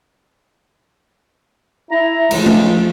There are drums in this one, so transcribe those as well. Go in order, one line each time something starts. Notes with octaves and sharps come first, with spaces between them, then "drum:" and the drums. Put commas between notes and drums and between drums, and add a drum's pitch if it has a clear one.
E4 A#5
C#2 F3 G#3 A3, drum: cymbal
drum: tom G#3